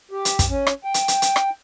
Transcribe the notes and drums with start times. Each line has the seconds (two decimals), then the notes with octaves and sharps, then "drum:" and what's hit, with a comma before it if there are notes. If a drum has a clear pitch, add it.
0.11 G4
0.25 drum: hi-hat
0.39 drum: kick, hi-hat
0.49 C#4
0.67 drum: rim click
0.84 G5
0.94 drum: hi-hat
1.08 drum: hi-hat
1.22 drum: hi-hat
1.36 drum: rim click